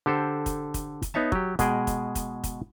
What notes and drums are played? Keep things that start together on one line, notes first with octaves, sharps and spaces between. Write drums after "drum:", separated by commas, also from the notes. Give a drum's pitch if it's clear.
D3 G4 A4 C5
drum: kick, hi-hat
drum: kick, hi-hat
drum: kick, hi-hat
B3 D#4 C#5 E5 A5
F#3 G4, drum: kick
B2 G#3 G#4 G5, drum: kick, hi-hat
drum: kick, hi-hat
drum: kick, hi-hat
drum: kick, hi-hat